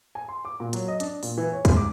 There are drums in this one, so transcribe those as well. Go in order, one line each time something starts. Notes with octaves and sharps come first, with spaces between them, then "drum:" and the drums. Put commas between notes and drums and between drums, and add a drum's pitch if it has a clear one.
G#5
C6
D6
A#2
F#3, drum: hi-hat
D#5
D4, drum: hi-hat
A#2, drum: open hi-hat
E3
C#5
G#2, drum: kick, hi-hat
D6